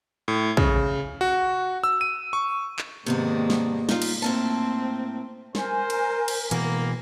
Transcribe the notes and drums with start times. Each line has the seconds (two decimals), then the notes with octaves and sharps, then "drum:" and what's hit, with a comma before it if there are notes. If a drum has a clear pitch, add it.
0.28 A2
0.57 C#3, drum: kick
1.21 F#4
1.84 E6
2.01 D#7
2.33 C#6
2.79 drum: clap
3.06 G#2 C3 D#3 A#3 B3 D4
3.50 drum: snare
3.89 D#4 F4, drum: snare
4.02 drum: cymbal
4.22 A2 A#3 C4 A5
5.55 A#4 C5 G#5, drum: snare
5.90 drum: cymbal
6.28 drum: cymbal
6.51 B2 E3 A#3, drum: hi-hat